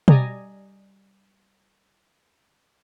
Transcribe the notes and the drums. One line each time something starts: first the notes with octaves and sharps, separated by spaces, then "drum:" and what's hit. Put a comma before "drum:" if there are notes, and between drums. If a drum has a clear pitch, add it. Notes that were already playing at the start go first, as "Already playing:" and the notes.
G3 D5 D#5 G#5 A#5, drum: tom B2